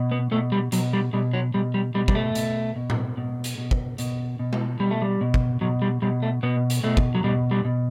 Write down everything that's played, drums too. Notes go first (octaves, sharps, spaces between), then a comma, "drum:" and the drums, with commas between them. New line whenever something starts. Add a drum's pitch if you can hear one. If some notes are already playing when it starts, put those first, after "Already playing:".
Already playing: B2
B3
B2 A3
G3
B2 F#3, drum: hi-hat
G3
B2 G3
F#3
B2 G3
G3
B2 G3
G3, drum: kick
A3
B2, drum: hi-hat
B2
drum: tom A2
B2
drum: hi-hat
B2
drum: kick
B2, drum: hi-hat
B2
drum: tom G#3
B2 G3
A3
G3
B2
drum: kick
B2 F#3
G3
B2 G3
A3
B2 B3
drum: hi-hat
B2 A3
drum: kick
F#3
B2 G3
G3
B2